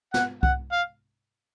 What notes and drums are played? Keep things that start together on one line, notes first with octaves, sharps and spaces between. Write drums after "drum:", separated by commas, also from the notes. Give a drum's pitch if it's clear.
F#5, drum: snare
F#5, drum: kick C2
F5